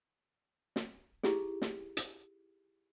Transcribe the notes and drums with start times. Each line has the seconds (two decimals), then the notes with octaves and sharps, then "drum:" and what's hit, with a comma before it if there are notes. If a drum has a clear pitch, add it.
0.76 drum: snare
1.23 D#4 E4 G4 G#4, drum: snare
1.62 drum: snare
1.97 drum: hi-hat